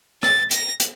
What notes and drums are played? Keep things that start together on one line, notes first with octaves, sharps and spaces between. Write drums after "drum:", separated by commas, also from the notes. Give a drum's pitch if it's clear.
A6, drum: rim click
A#6, drum: hi-hat
drum: hi-hat